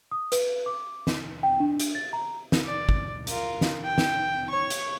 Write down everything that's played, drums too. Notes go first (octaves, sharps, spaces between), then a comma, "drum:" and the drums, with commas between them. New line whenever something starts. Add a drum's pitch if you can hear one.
D#6
B4, drum: hi-hat
D6
drum: snare
G5
D4
drum: hi-hat
A6
A#5
drum: snare
D5
drum: kick
F4 A#4, drum: hi-hat
drum: snare
G5
drum: snare
C#5 C#6
drum: hi-hat